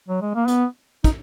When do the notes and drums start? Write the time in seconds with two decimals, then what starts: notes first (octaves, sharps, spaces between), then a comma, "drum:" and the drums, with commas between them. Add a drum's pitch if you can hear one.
0.09 F#3
0.22 G#3
0.35 A#3
0.48 B3, drum: hi-hat
1.04 D#4, drum: kick, hi-hat